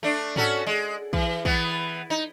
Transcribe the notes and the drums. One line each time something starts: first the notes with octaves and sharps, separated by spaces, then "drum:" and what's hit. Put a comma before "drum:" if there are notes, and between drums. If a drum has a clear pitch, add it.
A3 D4
C#4 F#4 A4, drum: tom G#2
G#3
E3, drum: kick
E3 B3, drum: kick
D#4